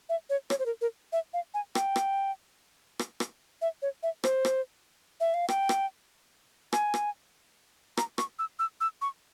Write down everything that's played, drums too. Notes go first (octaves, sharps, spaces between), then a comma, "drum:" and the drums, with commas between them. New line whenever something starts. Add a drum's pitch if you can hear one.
E5
C#5
C#5, drum: rim click
C5
A#4
A#4
E5
F5
G#5
G5, drum: rim click
drum: rim click
drum: rim click
drum: rim click
E5
C#5
E5
C5, drum: rim click
drum: rim click
E5
F5
G5, drum: rim click
drum: rim click
G#5, drum: rim click
drum: rim click
A#5, drum: rim click
C#6, drum: rim click
E6
E6
E6
C#6